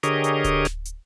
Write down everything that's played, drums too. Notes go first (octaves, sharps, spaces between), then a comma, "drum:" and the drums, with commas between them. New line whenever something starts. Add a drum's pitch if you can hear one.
D3 G4 G#4 A#4 C#5 D#5, drum: hi-hat
drum: hi-hat
drum: kick D1, hi-hat
drum: snare
drum: hi-hat